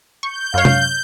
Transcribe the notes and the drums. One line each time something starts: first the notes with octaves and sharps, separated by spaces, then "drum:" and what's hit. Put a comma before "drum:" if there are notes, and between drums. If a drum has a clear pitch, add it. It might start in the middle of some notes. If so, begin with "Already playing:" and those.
C#6 G6
F#2 C#5 F5
drum: tom C3